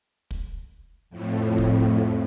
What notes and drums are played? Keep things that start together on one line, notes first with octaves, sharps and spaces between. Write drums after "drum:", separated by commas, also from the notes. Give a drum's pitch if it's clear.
drum: kick
F2 A2
drum: kick